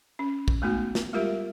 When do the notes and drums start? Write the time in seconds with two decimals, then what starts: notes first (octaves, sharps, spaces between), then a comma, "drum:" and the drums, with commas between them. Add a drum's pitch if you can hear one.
0.19 C#4
0.48 drum: kick
0.62 G#3 A3 B3 D#4 F#4
0.95 drum: snare
1.13 G3 G#3 F4 G4 A#4 E5